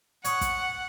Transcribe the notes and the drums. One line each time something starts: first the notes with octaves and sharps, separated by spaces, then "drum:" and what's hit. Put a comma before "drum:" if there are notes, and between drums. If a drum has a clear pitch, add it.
C#5 F#5 D#6, drum: hi-hat
drum: kick, hi-hat